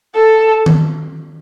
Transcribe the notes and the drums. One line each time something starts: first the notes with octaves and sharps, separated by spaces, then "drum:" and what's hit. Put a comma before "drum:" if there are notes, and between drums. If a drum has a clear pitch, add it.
A4
drum: tom D#3